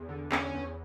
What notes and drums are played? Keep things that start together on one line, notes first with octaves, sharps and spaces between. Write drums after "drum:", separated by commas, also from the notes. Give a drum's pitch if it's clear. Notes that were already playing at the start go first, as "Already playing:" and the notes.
Already playing: E2
D3
E2 C#4, drum: clap
E2